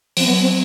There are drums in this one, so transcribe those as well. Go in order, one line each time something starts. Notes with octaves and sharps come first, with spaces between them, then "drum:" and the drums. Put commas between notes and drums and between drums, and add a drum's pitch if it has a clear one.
F3 C4, drum: open hi-hat
F#3 B3
C4